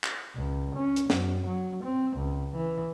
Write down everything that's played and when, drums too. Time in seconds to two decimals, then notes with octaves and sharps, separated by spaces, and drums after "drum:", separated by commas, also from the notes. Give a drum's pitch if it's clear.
0.04 drum: clap
0.35 C#2
0.75 C#4
0.96 drum: hi-hat
1.10 F#2, drum: snare
1.47 F#3
1.84 C4
2.17 C#2
2.55 E3